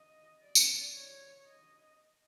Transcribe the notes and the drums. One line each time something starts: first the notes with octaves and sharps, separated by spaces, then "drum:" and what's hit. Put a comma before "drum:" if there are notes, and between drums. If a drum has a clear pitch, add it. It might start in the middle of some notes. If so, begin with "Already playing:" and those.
Already playing: D#5
D5
drum: tambourine
C#5
D#5